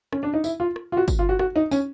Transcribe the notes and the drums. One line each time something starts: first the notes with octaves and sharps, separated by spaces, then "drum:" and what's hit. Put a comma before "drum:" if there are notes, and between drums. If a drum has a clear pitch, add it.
C#4, drum: rim click
D4
D#4
E4, drum: tambourine
F4
drum: rim click
F4
F#4
drum: kick, tambourine
F4
F#4
F#4, drum: rim click
D#4
C#4, drum: tambourine